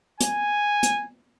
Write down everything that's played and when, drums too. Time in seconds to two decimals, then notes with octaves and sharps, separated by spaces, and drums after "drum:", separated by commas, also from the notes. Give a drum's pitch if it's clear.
0.21 G#5, drum: hi-hat
0.83 drum: hi-hat